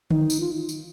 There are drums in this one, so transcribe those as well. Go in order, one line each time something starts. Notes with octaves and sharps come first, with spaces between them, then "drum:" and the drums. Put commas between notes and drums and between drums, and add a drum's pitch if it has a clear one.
D#4, drum: tom D3
drum: tambourine
F4
drum: tambourine